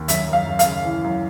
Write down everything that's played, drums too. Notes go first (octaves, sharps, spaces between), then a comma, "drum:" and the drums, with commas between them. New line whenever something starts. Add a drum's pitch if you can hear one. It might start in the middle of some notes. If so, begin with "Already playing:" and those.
Already playing: D#2
F#2 E5, drum: hi-hat
F#2
F5
F#2
F5, drum: hi-hat
C#3
E3
F#2